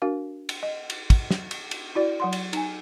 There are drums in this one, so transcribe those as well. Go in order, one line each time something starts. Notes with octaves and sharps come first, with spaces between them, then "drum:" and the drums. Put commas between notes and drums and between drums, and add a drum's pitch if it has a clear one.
D4 F#4 A#4 F5
drum: cymbal
D#5
drum: cymbal
drum: kick, cymbal
drum: snare
drum: cymbal
drum: cymbal
E4 F#4 D5
F#3 F#5 C6
drum: cymbal
D#4 G#5, drum: cymbal